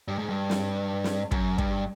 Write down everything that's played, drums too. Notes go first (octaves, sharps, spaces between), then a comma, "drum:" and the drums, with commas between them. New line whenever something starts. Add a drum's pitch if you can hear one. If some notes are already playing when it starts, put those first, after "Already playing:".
G2
G#2
G2
drum: snare
drum: snare
F#2, drum: kick
G2, drum: kick